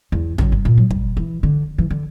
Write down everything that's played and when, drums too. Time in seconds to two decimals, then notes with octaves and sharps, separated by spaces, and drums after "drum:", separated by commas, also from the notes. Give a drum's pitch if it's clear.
0.12 E2
0.38 F#2, drum: tom
0.52 G2
0.65 A#2
0.78 F#3
0.91 G3, drum: kick
1.17 E3
1.43 D3
1.78 E3
1.91 D3